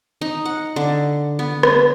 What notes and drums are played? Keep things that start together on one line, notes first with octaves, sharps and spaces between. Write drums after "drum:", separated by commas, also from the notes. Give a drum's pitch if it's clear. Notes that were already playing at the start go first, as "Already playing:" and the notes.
D#4
F#5
D3
B3
drum: rim click